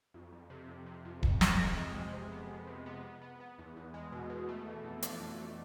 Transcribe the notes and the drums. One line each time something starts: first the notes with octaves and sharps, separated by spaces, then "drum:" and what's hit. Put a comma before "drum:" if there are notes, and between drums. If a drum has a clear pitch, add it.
F2
F2
C3
F2
C3
F2
F2, drum: kick D#1
F2, drum: snare
C3
G#3
G#3
C3
B3
C3
C3
B3
B3
B3
B3
E2
E2
G#3
B2
B2
A3
E3
F2
D4, drum: hi-hat
F2
A3